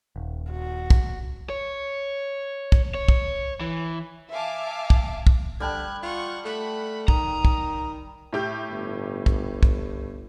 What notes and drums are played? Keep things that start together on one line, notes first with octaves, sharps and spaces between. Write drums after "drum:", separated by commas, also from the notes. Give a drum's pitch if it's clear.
D#1
F#4
drum: kick
C#5
drum: kick
C#5
drum: kick
E3
E5 F5 G#5 A5 D6
drum: kick
drum: kick
D3 G3 G5 A5 F#6 G#6
F4 F#5 C#6
A3 F#5 B5
D#3 A#5 D#6, drum: kick
drum: kick
A2 G4 G6
G1
drum: kick
drum: kick